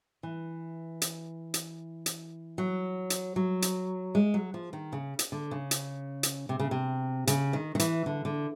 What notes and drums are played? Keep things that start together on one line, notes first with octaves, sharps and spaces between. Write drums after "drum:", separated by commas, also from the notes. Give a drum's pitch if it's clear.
E3
drum: hi-hat
drum: hi-hat
drum: hi-hat
F#3
drum: hi-hat
F#3
drum: hi-hat
G#3
F#3
F3
D#3
C#3
drum: hi-hat
D3
C#3
drum: hi-hat
drum: hi-hat
C3
C#3
C3
C#3, drum: hi-hat
D#3
D#3
E3, drum: hi-hat
D3
D3